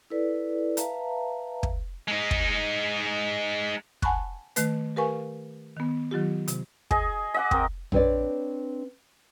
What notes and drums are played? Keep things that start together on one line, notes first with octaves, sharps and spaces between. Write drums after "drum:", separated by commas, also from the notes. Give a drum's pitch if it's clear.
E4 A4 B4 D5
B4 E5 F5 A5 A#5, drum: hi-hat
drum: kick
G#3 D#4
drum: kick
F#5 G#5 A5 B5 C#6 F#6, drum: kick
D#3 A3 B4, drum: hi-hat
G4 A#4 B4 F5 G#5 C#6
D#3 B3
D#3 F#3 F4 G4
C3, drum: hi-hat
G#4 D#5 G#5, drum: kick
D#5 F#5 D6
C4 A#4, drum: kick
C4 D4 B4 C#5 D5, drum: tom A#1